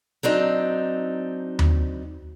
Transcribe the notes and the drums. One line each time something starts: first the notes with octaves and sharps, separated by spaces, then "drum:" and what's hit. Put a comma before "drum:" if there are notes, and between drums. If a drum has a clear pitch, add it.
F#3 C4 D4 D#4
drum: tom D#2